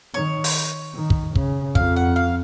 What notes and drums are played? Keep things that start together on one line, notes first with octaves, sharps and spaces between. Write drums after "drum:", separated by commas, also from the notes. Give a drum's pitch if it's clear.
D#3 C#5
drum: open hi-hat
D#3
drum: kick
C#3, drum: kick
F2 F5, drum: kick
F#5
F5